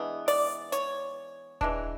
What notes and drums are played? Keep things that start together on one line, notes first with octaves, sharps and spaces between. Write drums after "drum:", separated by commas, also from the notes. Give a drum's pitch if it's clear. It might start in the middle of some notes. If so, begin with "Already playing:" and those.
Already playing: E3 G#3 B3 D4
D5, drum: open hi-hat
C#5, drum: hi-hat
E3 G#3 D4, drum: kick D#1